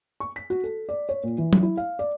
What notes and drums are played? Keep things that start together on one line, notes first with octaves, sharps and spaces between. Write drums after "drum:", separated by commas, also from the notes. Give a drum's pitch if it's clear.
C#6
B6
F#4
A4
D5
C#5
A#2
E3
drum: tom
E4
F5
D5